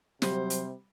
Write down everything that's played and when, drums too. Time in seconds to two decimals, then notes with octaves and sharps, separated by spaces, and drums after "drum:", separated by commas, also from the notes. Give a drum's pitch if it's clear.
0.22 C3 F#3 G3 C5, drum: snare
0.50 drum: hi-hat